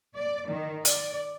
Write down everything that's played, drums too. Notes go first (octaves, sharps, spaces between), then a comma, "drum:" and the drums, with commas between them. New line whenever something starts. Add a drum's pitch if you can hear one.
D5
D#3
D5, drum: hi-hat